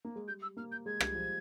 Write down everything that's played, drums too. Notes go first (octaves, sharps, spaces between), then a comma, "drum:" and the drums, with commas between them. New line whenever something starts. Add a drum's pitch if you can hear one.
A#3
G#3
G3 G6
E6
A#3 F6
G6
G#3 G#6
G3, drum: rim click
F3